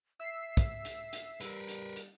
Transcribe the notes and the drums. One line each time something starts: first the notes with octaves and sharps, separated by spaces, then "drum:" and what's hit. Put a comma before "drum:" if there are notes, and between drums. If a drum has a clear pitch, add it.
E5 E6 C7
drum: kick, hi-hat
drum: hi-hat
drum: hi-hat
G3 A#4 B4, drum: hi-hat
drum: hi-hat
drum: hi-hat